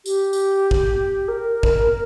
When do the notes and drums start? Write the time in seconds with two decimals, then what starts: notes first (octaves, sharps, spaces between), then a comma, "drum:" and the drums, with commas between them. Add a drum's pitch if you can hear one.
0.06 G4, drum: tambourine
0.33 drum: tambourine
0.71 drum: kick
1.28 A#4
1.63 drum: kick